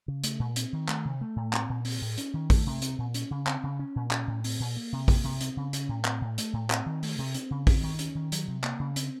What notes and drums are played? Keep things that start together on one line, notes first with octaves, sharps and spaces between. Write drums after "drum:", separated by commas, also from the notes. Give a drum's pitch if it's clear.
C#3
A3, drum: hi-hat
A#2
C4, drum: hi-hat
D#3
A3, drum: clap
C3
A3
A2
C4, drum: clap
A#2
C4, drum: open hi-hat
A2
C#4, drum: hi-hat
D#3
A3, drum: kick, open hi-hat
C3
C4, drum: hi-hat
A#2
C#4, drum: hi-hat
C#3
C4, drum: clap
C#3
C#4
A#2
C#4, drum: clap
A2
C4, drum: open hi-hat
A#2
A#3
C3
A#3, drum: kick, open hi-hat
C3
C4, drum: hi-hat
C#3
C#4, drum: hi-hat
A2
C4, drum: clap
A2
A3, drum: hi-hat
A2
C4, drum: clap
D#3
A3, drum: open hi-hat
C3
C4, drum: hi-hat
C#3
C4, drum: kick, open hi-hat
D#3
C#4, drum: hi-hat
D#3
F#3, drum: hi-hat
C3
A#3, drum: clap
C#3
C4, drum: hi-hat